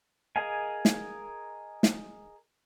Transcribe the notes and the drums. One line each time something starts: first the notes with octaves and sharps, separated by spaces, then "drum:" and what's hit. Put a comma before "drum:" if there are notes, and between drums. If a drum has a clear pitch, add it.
G#4 A#4 D#5 F5 G#5
drum: snare
drum: snare